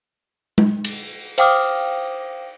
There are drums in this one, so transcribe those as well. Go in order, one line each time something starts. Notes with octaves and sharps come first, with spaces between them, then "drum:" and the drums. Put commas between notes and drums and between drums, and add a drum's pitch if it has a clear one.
drum: tom G#3
drum: cymbal
C5 F5 G5 D6 D#6 F6, drum: cymbal